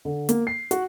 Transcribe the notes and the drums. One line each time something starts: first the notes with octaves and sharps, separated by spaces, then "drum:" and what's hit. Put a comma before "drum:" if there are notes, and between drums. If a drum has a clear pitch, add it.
D3
A#3, drum: hi-hat
C7
F#4, drum: hi-hat